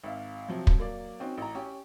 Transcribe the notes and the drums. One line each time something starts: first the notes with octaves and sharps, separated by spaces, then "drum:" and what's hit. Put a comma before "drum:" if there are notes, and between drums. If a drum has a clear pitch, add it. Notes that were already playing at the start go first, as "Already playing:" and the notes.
G#1 E5 F5
C3 F3 F#3
drum: kick
F#3 A#3 D5
C4 C#4 D#4 F#4
A1 A#5
C#4 G4